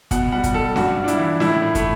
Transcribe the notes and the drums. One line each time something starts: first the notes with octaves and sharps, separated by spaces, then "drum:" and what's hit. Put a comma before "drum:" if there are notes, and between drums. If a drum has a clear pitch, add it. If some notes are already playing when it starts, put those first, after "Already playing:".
B2 F#5, drum: kick, hi-hat
G3 F#5
drum: kick, hi-hat
G3 A4
G2 F#4, drum: snare C#4
G2
D4
E4, drum: hi-hat
E3
A2 E4, drum: snare C#4
A2
A3, drum: kick, hi-hat